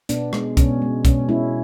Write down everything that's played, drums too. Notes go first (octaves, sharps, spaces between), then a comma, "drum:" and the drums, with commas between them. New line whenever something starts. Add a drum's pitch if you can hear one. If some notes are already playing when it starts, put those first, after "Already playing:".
B2 B3 D4, drum: hi-hat
G#3, drum: rim click
B2 C#4, drum: kick, hi-hat
G#3
B2 C#4, drum: kick, hi-hat
G#3 C#4 E4